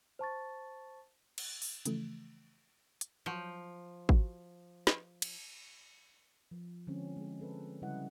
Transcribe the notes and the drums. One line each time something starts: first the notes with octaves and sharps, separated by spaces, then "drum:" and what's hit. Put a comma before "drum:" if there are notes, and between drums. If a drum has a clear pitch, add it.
C5 A5 C#6 A6
drum: cymbal
drum: open hi-hat
C#3 E3 F3 A3, drum: hi-hat
drum: hi-hat
F3 F#3 C#6 G6
F#4, drum: kick G#1
drum: snare
drum: cymbal
F3
D3 F3 G#3 C4 C#4
G#3 G#4
C4 A4 B4
C#3 G3 E4 B4 D#5 F#5